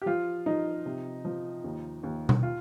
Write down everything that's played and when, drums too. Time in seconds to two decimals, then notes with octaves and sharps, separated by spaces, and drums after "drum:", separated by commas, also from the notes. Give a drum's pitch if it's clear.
0.02 G4
0.06 F3 F4
0.46 F3 D#4
0.86 C3
1.25 F3
1.64 D#2
2.03 D#2
2.29 drum: tom B2
2.43 F4